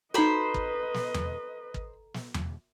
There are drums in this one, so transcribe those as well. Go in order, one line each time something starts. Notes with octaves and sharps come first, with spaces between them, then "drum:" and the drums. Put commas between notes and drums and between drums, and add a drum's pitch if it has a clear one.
D#4 F#4 A4 B4 C5 D#5 A#5 B5
drum: kick
drum: snare
drum: tom E2
drum: kick
drum: snare
drum: tom E2